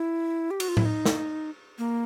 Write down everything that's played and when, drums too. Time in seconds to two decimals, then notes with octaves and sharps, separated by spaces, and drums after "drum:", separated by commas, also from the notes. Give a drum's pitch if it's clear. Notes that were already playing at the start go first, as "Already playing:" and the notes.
Already playing: E4
0.51 G4
0.60 F#4, drum: cymbal
0.68 F4
0.77 E4, drum: tom A2
0.85 D#4
1.06 drum: snare
1.78 A#3